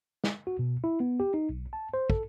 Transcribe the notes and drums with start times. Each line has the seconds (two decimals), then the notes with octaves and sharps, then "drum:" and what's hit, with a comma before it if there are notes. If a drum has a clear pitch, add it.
0.24 drum: snare
0.47 F#4
0.59 B2
0.84 E4
1.00 B3
1.20 G4
1.34 D#4
1.49 B1
1.73 A5
1.94 C5
2.10 A4, drum: kick